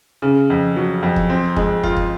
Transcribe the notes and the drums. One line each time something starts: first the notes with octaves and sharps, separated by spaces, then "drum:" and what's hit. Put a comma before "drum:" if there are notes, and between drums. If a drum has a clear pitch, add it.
C#3
F2
F#3
F2
drum: kick
C4
G#3, drum: kick
F4, drum: kick
drum: kick